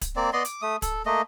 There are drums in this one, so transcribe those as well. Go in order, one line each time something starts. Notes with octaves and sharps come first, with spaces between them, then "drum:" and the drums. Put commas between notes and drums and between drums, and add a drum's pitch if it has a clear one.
drum: kick, hi-hat
A#3 C4 D5
B3 D5 D#5 C6
D6, drum: hi-hat
A3 D#6
A4, drum: kick, hi-hat
A3 A#3 D#5